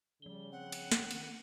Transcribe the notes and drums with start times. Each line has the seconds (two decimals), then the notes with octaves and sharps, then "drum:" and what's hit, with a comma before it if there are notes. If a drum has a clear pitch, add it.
0.22 C#3 F3 G3 G7
0.52 C4 F#5
0.72 drum: cymbal
0.92 drum: snare
1.11 D#3, drum: cymbal